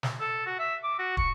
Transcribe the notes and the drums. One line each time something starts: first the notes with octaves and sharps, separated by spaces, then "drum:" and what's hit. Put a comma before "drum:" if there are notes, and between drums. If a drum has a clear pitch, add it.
drum: snare
A4
F#4
E5
D6
F#4
C#6, drum: kick